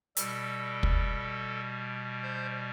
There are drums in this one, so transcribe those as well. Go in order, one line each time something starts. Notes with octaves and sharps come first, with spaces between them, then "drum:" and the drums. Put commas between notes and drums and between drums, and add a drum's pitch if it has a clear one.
B2 G3 A4, drum: hi-hat
drum: kick
C5